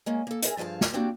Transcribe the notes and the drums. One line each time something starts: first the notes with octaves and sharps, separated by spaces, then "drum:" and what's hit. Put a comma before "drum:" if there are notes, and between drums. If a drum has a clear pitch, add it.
G#3 A#3 C#4
A#3 A4
G#4 A#4 B4 D#5 E5, drum: hi-hat
G2 F3 G#4 F5 A5
drum: snare
A#3 C4 D4 F#4 G4